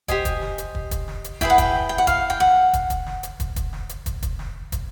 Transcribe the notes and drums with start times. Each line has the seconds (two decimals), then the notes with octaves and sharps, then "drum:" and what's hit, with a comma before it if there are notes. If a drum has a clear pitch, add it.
0.08 G4 C5 D#5 G#5, drum: kick, hi-hat
0.25 drum: kick, hi-hat
0.42 drum: snare
0.58 drum: hi-hat
0.75 drum: kick
0.91 drum: kick, hi-hat
1.08 drum: snare
1.24 drum: hi-hat
1.41 E4 G#4 B4 G5, drum: kick, hi-hat
1.50 F#5
1.58 G5, drum: kick, hi-hat
1.74 drum: snare
1.89 G5
1.98 F#5
2.07 F5, drum: kick, hi-hat
2.30 G5
2.40 F#5, drum: snare
2.73 drum: kick, hi-hat
2.90 drum: kick, hi-hat
3.07 drum: snare
3.23 drum: hi-hat
3.40 drum: kick, hi-hat
3.56 drum: kick, hi-hat
3.73 drum: snare
3.89 drum: hi-hat
4.06 drum: kick, hi-hat
4.22 drum: kick, hi-hat
4.39 drum: snare
4.72 drum: kick, hi-hat